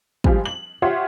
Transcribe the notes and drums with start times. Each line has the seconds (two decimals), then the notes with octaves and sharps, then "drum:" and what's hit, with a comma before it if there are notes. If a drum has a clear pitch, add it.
0.24 F3 G3 G#3 C4, drum: kick
0.46 F#7
0.82 F4 G4 C#5 E5 F#5 C6